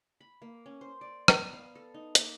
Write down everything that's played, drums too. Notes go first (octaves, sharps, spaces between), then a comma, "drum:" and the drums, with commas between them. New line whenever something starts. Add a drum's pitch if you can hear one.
B5
A#3
C#4
C5
D5
B3, drum: rim click
F5
A4
D#4
A#3, drum: hi-hat